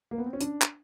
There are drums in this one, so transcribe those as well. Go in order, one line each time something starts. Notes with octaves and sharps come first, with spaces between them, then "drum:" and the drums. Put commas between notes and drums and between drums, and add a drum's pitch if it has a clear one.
A#3
B3
C4
C#4
D4, drum: hi-hat
drum: clap